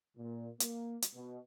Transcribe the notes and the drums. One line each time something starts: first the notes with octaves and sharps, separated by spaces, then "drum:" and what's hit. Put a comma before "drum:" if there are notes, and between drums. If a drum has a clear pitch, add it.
A#2
A#3, drum: hi-hat
drum: hi-hat
B2